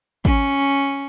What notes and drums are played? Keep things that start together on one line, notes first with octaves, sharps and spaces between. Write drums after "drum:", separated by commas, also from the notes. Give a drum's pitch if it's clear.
C#4, drum: kick G#1